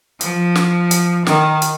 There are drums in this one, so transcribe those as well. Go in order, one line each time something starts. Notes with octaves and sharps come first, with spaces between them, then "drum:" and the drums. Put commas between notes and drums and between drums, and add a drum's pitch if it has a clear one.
F3, drum: hi-hat
drum: snare
drum: hi-hat
D#3, drum: snare
drum: hi-hat